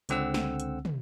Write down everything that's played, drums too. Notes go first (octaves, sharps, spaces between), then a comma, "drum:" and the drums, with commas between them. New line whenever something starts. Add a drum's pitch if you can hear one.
C#2 D3 C4 F#5 E6, drum: hi-hat
drum: snare
drum: hi-hat
drum: tom